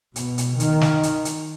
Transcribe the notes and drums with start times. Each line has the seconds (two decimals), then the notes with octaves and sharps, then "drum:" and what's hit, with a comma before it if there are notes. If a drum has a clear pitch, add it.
0.16 B2, drum: hi-hat
0.38 drum: hi-hat
0.60 D#3, drum: hi-hat
0.81 drum: snare
1.03 drum: hi-hat
1.25 drum: hi-hat